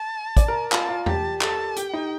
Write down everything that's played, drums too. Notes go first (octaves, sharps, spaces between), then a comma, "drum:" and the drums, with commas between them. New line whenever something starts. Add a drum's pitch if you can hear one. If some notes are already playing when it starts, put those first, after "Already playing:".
Already playing: A5
D5, drum: kick, hi-hat
A#4
F4 A5, drum: clap
F4
G4 A5, drum: tom E2
A4 A5, drum: clap
G4 G5, drum: hi-hat
D#4